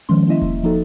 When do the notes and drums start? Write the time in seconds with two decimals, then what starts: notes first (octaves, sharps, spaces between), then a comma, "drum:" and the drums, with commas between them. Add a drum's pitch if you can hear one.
0.09 D#3 F3 G#3 C#4 C6
0.27 A#3 C#4 E4 D#5 E5
0.42 drum: kick E1
0.63 F3 A#3 D#4 F#4 A4